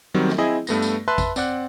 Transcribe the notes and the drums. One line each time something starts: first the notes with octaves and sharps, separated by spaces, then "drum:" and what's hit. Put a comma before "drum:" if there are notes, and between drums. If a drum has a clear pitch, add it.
D#3 F#3 G3 C4
drum: snare
C4 E4 G#4 D#5
G2 A3 B3 A#6, drum: tambourine
drum: tambourine
B4 E5 A5 C6 F#6
drum: kick G#1, tambourine
C4 D5 F#5 F#6, drum: tambourine